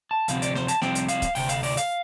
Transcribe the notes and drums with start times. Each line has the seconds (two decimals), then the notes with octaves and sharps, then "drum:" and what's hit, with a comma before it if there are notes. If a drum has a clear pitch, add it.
0.11 A5
0.28 D2 C3 F3 C4 F5, drum: hi-hat
0.42 D5, drum: hi-hat
0.55 C5, drum: snare
0.68 A5, drum: hi-hat
0.82 C2 C3 F3 C4 G5, drum: snare
0.95 drum: hi-hat
1.09 F5, drum: hi-hat
1.22 drum: kick C#1, hi-hat
1.35 D2 C3 G5, drum: open hi-hat
1.49 F5, drum: hi-hat
1.63 D5, drum: open hi-hat
1.77 F5, drum: hi-hat